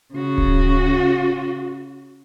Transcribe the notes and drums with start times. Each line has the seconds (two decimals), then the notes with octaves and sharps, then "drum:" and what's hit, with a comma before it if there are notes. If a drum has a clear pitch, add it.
0.14 C#3 F#4
0.38 drum: kick D1